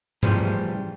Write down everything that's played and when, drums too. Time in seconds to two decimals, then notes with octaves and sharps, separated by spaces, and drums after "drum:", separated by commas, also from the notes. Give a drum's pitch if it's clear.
0.23 A2 C#3 E3 F3 G3 G#4, drum: tom G2